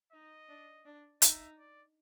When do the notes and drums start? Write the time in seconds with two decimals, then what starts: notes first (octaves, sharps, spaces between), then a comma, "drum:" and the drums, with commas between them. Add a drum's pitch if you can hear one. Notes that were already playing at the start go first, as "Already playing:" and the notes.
0.13 D#4 D#5
0.49 D4
0.85 D4
1.22 D#4 E5, drum: hi-hat
1.58 D5